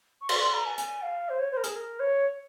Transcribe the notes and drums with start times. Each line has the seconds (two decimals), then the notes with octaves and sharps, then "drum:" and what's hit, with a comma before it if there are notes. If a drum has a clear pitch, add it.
0.21 C#6
0.29 C6, drum: cymbal
0.36 C#6
0.41 C6
0.53 A#5
0.66 G#5
0.78 G#5, drum: hi-hat
1.02 F5
1.29 C5
1.39 C#5
1.52 C5
1.57 A#4
1.64 G#4, drum: hi-hat
1.76 A#4
2.00 C#5